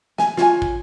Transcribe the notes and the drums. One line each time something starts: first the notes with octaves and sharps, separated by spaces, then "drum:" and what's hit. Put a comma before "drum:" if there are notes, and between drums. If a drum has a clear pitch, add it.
G#5, drum: snare
F4 C#5 G#5, drum: snare
drum: kick